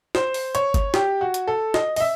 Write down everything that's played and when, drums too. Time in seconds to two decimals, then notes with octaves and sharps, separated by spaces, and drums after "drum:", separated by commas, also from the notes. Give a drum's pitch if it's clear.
0.15 C5, drum: snare
0.34 drum: open hi-hat
0.55 C#5, drum: hi-hat
0.74 drum: kick G1, hi-hat
0.94 G4, drum: snare
1.21 F#4
1.34 drum: hi-hat
1.48 A4
1.74 D#5, drum: snare
1.96 D#5, drum: open hi-hat
2.00 E5